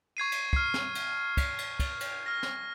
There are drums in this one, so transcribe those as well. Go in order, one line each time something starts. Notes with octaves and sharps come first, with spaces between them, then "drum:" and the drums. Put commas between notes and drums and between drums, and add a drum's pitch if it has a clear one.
C#6 G#6 C7 D#7
drum: cymbal
F6 C7, drum: kick
drum: snare
drum: cymbal
drum: kick, cymbal
drum: cymbal
drum: kick, cymbal
drum: cymbal
F6 A#6
drum: snare